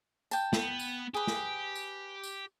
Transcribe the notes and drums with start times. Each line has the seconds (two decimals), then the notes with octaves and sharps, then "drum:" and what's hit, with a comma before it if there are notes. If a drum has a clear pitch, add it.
0.31 G5 A5, drum: tambourine
0.53 B3, drum: snare
0.79 drum: tambourine
1.14 G4 G#4 B4
1.27 drum: snare
1.75 drum: tambourine
2.23 drum: tambourine